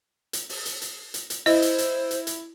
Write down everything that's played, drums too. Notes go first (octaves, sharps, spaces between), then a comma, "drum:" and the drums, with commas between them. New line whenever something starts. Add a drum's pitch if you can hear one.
drum: hi-hat
drum: open hi-hat
drum: hi-hat
drum: hi-hat
drum: hi-hat
drum: hi-hat
E4 C5 D#5, drum: open hi-hat
drum: hi-hat
drum: hi-hat
drum: hi-hat
drum: hi-hat